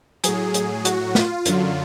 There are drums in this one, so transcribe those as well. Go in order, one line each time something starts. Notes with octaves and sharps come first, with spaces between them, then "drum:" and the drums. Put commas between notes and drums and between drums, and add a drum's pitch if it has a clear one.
A2 F#3 G#4, drum: hi-hat
drum: hi-hat
F#4, drum: hi-hat
F4, drum: snare
F#2 D3 F#3, drum: hi-hat